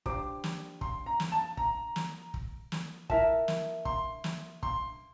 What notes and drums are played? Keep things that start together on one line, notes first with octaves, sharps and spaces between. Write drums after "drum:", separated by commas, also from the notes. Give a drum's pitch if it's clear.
D4 G4 C5 D6, drum: kick
drum: snare
C6, drum: kick
A#5
drum: snare
A5
A#5, drum: kick
drum: snare
drum: kick
drum: snare
E4 A#4 E5 A5, drum: kick
drum: snare
C6, drum: kick
drum: snare
C6, drum: kick